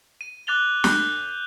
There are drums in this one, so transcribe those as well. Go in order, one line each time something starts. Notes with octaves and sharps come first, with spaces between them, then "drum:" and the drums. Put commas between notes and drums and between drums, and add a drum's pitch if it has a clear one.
D#7
D6 F#6 A6 F7 G7
F#6 G6, drum: snare